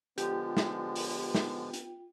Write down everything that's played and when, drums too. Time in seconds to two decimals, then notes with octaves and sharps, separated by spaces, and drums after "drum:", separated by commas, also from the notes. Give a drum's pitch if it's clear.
0.18 D3 F3 G#3 B3 F4 G4 G5, drum: hi-hat
0.57 drum: snare
0.96 drum: open hi-hat
1.34 drum: snare
1.73 drum: hi-hat